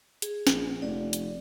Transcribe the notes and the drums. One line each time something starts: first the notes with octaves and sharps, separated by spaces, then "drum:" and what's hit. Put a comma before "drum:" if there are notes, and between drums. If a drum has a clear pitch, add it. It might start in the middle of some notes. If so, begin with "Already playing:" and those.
G#4, drum: hi-hat
A#1, drum: snare
F1 D5
drum: hi-hat